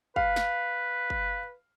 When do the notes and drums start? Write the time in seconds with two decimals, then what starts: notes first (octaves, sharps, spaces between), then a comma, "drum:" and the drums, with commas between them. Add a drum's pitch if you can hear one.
0.16 B4 F5, drum: kick
0.36 drum: snare
1.10 drum: kick